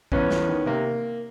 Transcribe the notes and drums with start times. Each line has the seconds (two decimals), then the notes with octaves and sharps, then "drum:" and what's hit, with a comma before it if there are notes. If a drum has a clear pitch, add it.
0.12 E2 B3 C#4, drum: kick A#1
0.30 E2, drum: snare
0.49 D#3
0.66 C3 A#3